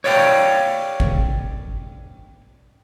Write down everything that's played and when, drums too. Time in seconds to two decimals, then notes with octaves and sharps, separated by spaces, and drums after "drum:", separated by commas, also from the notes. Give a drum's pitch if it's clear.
0.04 C#5 D5 F5 G5, drum: open hi-hat
1.00 drum: kick G1